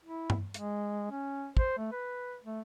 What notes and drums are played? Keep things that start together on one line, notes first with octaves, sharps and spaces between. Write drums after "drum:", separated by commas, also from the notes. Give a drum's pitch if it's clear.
E4
drum: tom G2
G#3, drum: hi-hat
C#4
C5, drum: kick
A3
B4
A3